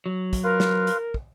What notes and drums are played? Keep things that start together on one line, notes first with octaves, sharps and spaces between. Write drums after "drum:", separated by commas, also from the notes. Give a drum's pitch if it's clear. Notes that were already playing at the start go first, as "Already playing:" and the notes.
F#3
drum: kick, hi-hat
F4 A#4 B4 F5
drum: snare
drum: hi-hat
drum: kick